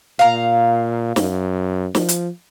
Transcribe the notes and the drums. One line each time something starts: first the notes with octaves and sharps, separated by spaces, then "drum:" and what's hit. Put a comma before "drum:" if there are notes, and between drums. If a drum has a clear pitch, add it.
A#2 F5 A#5
F#2, drum: snare
F3, drum: snare
drum: hi-hat